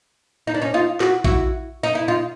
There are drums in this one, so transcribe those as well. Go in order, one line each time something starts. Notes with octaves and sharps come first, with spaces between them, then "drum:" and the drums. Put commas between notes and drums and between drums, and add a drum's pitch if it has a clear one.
D#4
D4
C#4 D#4
D#4 F4
F#4, drum: snare
E4 F#4, drum: kick A#1
D#4
E4
D#4 F4